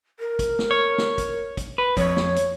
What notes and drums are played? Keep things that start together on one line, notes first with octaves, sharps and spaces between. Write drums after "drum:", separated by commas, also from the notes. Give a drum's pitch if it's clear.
A#4
drum: kick, hi-hat
drum: snare
C#5
drum: snare
drum: kick, hi-hat
drum: kick, hi-hat
B4
F2 C#5, drum: kick, hi-hat
drum: snare
drum: hi-hat